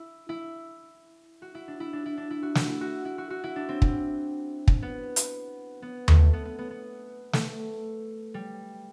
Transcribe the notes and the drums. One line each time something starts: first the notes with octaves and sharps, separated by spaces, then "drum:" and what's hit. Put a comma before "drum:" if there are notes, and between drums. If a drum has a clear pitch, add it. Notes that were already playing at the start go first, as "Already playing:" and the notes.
Already playing: E4
E4
F#4
E4
D4
E4
D4
E4
D4
E4
F#4
E4, drum: snare
E4
F#4
E4
F#4
F#4
E4
D4
C4
C4, drum: kick
drum: kick
B3
drum: hi-hat
B3
A3, drum: tom D#2
B3
B3
B3
B3
A3, drum: snare
G3